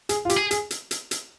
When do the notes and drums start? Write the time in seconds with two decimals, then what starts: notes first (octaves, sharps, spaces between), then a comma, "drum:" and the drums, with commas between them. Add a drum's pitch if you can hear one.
0.09 G#4, drum: hi-hat
0.25 F4
0.29 G4, drum: hi-hat
0.37 G#4
0.51 G#4, drum: hi-hat
0.71 drum: hi-hat
0.91 drum: hi-hat
1.11 drum: hi-hat